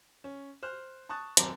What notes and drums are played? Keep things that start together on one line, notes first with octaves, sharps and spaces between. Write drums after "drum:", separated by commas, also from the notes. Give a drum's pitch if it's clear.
C#4
C5 F6 F#6
A5 C#6 D#6 F#6 A6
D#1 F#2 C4 A5 A#5 D6, drum: hi-hat